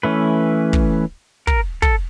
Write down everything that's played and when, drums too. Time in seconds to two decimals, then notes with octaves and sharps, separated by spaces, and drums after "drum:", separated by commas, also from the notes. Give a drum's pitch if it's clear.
0.03 E3 A3 C#4 B4
0.73 drum: kick
1.47 A#4, drum: kick
1.82 A4, drum: kick